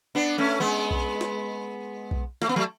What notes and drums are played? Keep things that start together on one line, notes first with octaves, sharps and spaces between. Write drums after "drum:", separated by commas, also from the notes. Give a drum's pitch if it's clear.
B3 D4
A3 C#4
G#3 B3
drum: kick B1
drum: snare
drum: kick B1
A3, drum: snare
B3
F#3 A3